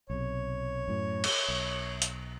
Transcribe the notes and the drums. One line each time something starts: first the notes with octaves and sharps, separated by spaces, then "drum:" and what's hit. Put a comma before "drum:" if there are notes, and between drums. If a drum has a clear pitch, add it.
B1 C3 C#5
F#2 A2
drum: cymbal
B1
drum: hi-hat